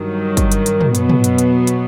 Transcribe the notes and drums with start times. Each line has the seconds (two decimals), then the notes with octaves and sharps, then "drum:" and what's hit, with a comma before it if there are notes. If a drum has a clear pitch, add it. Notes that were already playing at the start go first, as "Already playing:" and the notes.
Already playing: G2 D#3 F#3
0.37 drum: kick, hi-hat
0.52 drum: hi-hat
0.66 drum: hi-hat
0.81 drum: tom
0.95 B2 F#3 B3, drum: hi-hat
1.09 drum: tom
1.24 drum: hi-hat
1.38 drum: hi-hat
1.67 drum: hi-hat